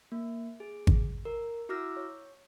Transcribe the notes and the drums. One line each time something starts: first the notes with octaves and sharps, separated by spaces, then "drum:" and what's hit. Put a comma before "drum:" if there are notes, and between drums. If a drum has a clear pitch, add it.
A#3
G#4
drum: kick G#1
A#4
E4 F#4 D6 E6 F6 A#6
C#5